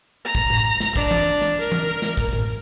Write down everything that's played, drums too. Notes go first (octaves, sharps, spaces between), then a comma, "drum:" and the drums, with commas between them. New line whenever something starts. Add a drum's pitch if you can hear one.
A#5
drum: kick
drum: tom A2
drum: snare
D4, drum: kick
drum: tom E3
drum: snare
A#4
drum: tom E3
drum: snare
drum: kick
drum: tom A2